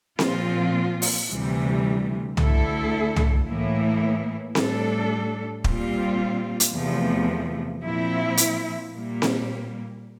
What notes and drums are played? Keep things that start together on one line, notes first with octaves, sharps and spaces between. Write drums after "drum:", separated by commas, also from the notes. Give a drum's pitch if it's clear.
A#2 F3 C4 F4, drum: snare C4
drum: open hi-hat
D2 C3 E3 G3
D2 D3 A3 E4 A4, drum: tom
drum: tom
A2 E3 A#3 E4
A2 G3 D4 A4, drum: snare C4
A#2 G3 C4 F4, drum: kick
drum: hi-hat
E2 C3 F3 A3
A#2 F3 C4 E4
drum: hi-hat
A#2 G3 A#3
drum: snare C4